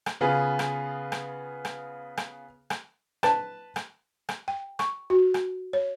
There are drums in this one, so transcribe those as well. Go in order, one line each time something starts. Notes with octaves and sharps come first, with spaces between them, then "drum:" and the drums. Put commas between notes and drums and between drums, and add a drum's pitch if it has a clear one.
drum: rim click
C#3 B3 F4 G#4
drum: rim click
drum: rim click
drum: rim click
drum: rim click
drum: rim click
B4 A5, drum: rim click
drum: rim click
drum: rim click
G5
C#6, drum: rim click
F#4
drum: rim click
C#5